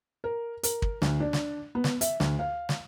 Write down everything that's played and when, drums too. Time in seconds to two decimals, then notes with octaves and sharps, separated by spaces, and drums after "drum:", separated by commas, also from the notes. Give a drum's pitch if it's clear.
0.24 A#4
0.63 A#4, drum: hi-hat
0.82 drum: kick
1.02 D2, drum: snare
1.20 D4
1.33 drum: snare
1.75 B3
1.84 drum: snare
2.01 E5, drum: hi-hat
2.20 D2, drum: snare
2.39 F5
2.69 drum: snare